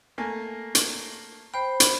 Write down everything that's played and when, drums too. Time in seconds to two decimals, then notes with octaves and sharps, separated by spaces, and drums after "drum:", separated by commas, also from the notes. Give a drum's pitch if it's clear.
0.18 A3 A#3 G#5
0.75 drum: hi-hat
1.54 C5 G5 B5
1.80 drum: hi-hat